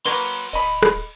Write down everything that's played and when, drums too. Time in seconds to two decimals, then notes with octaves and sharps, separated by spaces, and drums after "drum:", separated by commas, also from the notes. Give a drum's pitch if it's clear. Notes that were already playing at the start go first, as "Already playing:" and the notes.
0.06 F#3 A#3 B4 C6, drum: cymbal
0.53 D1 D#5 B5
0.83 drum: rim click